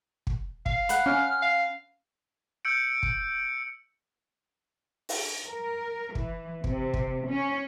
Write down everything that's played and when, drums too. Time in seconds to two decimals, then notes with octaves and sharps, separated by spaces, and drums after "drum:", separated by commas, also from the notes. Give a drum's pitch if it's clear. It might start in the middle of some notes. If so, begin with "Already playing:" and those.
0.27 drum: kick
0.66 F5, drum: kick
0.89 F#5 B5, drum: hi-hat
1.06 C#4 F6
1.42 F5
2.65 E6 G6 C#7 D7
3.03 drum: kick
5.09 drum: open hi-hat
5.50 A#4
6.15 E3, drum: kick
6.64 C3, drum: kick
6.94 drum: kick
7.26 C#4